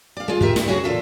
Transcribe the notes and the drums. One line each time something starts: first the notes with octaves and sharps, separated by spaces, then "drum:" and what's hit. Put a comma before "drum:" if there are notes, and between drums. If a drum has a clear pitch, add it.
D5 F5
G#3 F4
F4 G4 A#4 E5, drum: kick
G2 E4, drum: snare
F2 C#3 C#4 F#4 G#4
E2 A#2 F4 A4 E5